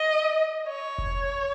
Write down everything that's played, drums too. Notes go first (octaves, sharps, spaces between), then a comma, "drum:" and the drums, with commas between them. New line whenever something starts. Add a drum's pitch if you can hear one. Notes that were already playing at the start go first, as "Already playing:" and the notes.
Already playing: D#5
C#5
drum: kick F1